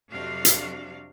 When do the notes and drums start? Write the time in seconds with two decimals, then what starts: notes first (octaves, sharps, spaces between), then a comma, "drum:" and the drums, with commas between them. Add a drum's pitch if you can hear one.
0.12 F2 C3 F#3 D4 F#4 F5
0.45 drum: hi-hat